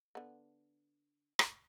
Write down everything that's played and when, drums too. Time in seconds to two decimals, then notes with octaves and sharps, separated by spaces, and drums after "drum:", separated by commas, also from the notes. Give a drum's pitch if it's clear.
0.15 D3 B3
1.39 drum: rim click